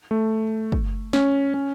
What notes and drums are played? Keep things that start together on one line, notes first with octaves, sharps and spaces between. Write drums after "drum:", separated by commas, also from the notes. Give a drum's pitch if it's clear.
A3
drum: kick
C#4, drum: snare
C#4